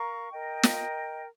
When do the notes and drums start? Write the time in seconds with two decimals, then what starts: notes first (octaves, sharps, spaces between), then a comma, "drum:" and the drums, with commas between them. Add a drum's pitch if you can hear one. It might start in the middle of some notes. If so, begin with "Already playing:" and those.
Already playing: A#4 F5 A#5 C#6
0.32 A#4 D#5 G5
0.63 drum: snare